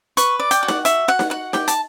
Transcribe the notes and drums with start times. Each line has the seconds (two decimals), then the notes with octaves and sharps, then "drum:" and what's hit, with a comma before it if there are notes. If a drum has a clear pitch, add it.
0.17 B4 C#6, drum: hi-hat
0.40 D5
0.51 G5, drum: hi-hat
0.63 F#4
0.68 F#5, drum: snare D#4
0.85 F#4 E5, drum: hi-hat
1.08 F#4 F#5
1.19 drum: snare D#4
1.30 F#4 F#5
1.53 G4 G5, drum: snare D#4
1.68 A5, drum: hi-hat